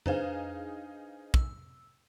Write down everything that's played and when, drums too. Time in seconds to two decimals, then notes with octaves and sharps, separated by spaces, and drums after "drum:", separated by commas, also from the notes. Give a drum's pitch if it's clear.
0.06 D4 D#4 G#4 B4 C5 F5, drum: tom F2
1.34 E6, drum: kick